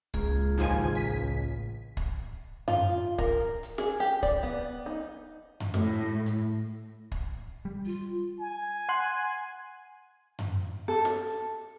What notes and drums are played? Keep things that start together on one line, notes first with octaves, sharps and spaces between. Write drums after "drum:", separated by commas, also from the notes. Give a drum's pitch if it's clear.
C#2 A#3 F4 G#4, drum: kick
A1 D#2 F3 G#5
B6
drum: kick
F4, drum: tom F#2
A#4, drum: kick
drum: hi-hat
G#4, drum: snare
G4
D5, drum: kick
B3
D#4
drum: tom F#2
A2, drum: snare
drum: hi-hat
drum: kick
G3
F4
G#5
F#5 C6 F#6
drum: tom F#2
A4
drum: snare